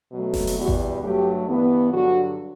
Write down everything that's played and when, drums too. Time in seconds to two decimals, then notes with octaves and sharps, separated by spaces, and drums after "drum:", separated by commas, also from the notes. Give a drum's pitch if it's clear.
0.12 B2 F#3 A3
0.34 drum: snare F1
0.47 drum: open hi-hat
0.57 E2 B2 G3 B3 F#4
0.68 drum: kick G#1
1.01 G2 F#3 A3 G4
1.47 G2 E3 B3
1.91 G2 D3 F#3 F#4